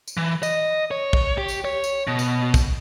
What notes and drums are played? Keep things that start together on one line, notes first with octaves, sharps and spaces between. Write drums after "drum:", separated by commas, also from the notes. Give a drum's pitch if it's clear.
drum: tambourine
E3
D#5, drum: tambourine
C#5
drum: kick
G4
drum: tambourine
C#5
drum: tambourine
B2
drum: tambourine
drum: kick, tambourine